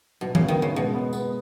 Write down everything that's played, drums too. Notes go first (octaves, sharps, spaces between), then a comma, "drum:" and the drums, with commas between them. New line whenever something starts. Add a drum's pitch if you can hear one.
B2 F#3
C#3 B3, drum: tom E3
D#3
C#3 B3
B2 G#3
B3
B3, drum: tambourine